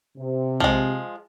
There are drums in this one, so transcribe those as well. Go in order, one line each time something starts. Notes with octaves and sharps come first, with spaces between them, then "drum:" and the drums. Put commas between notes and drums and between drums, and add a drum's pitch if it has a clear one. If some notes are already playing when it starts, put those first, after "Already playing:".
C3
F3 G#3, drum: kick